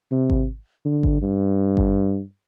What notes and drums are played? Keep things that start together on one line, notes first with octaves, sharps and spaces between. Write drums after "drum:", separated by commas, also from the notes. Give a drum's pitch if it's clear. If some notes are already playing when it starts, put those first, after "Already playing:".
C3
drum: kick G#1
D3
drum: kick G#1
G2
drum: kick G#1